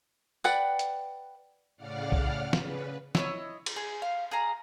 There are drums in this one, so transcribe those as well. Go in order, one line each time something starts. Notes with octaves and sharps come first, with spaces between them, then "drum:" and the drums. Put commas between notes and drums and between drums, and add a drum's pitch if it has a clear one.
B4 D5 F#5 G5, drum: tambourine
drum: hi-hat
A2 C#3 D5 F5 F#5 F6
drum: kick
C#3 B4, drum: snare
E4 C#5 D#5, drum: snare
drum: cymbal
G#4
F5
G#4 F5 A#5